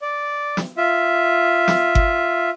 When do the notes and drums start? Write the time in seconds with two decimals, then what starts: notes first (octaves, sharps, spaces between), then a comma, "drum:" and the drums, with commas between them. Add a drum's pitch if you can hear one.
0.02 D5
0.57 drum: snare
0.77 F4 E5
1.68 drum: snare
1.95 drum: kick G1